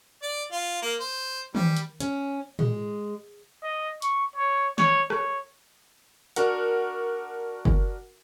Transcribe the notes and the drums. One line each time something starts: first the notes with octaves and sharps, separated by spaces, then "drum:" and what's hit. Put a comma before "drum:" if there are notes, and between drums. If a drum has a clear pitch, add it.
D5
F4
A#3
C5
G3, drum: tom
drum: hi-hat
C#4, drum: hi-hat
G#3, drum: tom A2
D#5
C#6, drum: hi-hat
C#5
C#5, drum: snare
C#5, drum: rim click
D4 F#4 A#4 F#5, drum: hi-hat
drum: kick F#1